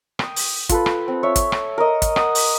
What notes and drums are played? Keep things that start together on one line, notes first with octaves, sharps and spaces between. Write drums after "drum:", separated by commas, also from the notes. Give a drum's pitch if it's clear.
G5 D#6, drum: rim click
drum: open hi-hat
F4 A4 B4, drum: kick, hi-hat
drum: rim click
C4
C#5 E5
drum: kick, hi-hat
drum: rim click
A#4 D#5
drum: kick, hi-hat
F#5 D#6, drum: rim click
drum: open hi-hat